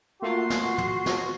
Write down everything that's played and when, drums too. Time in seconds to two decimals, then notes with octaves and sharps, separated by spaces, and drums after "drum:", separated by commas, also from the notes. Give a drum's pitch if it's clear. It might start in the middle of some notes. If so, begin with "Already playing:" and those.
0.22 A3 A#3 F4 F#4 C6
0.50 drum: snare
0.78 drum: tom
1.06 drum: snare